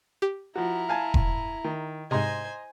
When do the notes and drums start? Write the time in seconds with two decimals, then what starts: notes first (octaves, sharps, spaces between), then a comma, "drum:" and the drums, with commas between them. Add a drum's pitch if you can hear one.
0.22 G4
0.56 F3 E4 F#4 A#5
0.89 F5 G#5 A5
1.14 drum: kick E1
1.64 D#3
2.11 G#2 C3 C5 D#5 G#5 A#5 C6